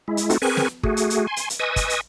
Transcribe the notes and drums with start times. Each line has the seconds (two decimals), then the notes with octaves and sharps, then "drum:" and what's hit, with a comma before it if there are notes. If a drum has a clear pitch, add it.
0.08 G#3 E4
0.17 drum: hi-hat
0.30 A3 C4 D#4 F4 F#4 A4, drum: hi-hat
0.42 C4 G#4 A#4 B4 G#5 C#6, drum: open hi-hat
0.57 drum: snare
0.83 A3 F#4 G#4, drum: kick
0.97 drum: hi-hat
1.10 drum: hi-hat
1.27 G#5 C6
1.37 drum: hi-hat
1.50 drum: hi-hat
1.59 B4 D#5 G#5 C#6 D#6 E6
1.76 drum: kick, hi-hat
1.90 drum: hi-hat